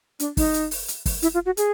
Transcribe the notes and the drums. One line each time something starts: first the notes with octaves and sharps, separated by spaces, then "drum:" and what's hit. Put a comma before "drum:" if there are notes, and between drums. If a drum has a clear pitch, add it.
D4, drum: hi-hat
D#4, drum: kick F#1, open hi-hat
drum: hi-hat
drum: open hi-hat
drum: hi-hat
drum: kick F#1, open hi-hat
E4, drum: hi-hat
F4
F#4
G#4, drum: hi-hat